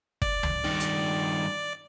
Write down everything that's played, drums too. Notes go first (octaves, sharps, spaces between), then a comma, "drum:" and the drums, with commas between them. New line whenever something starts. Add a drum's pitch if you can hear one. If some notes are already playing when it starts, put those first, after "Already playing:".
D5, drum: kick
drum: tom C#2
G2 D#3
drum: hi-hat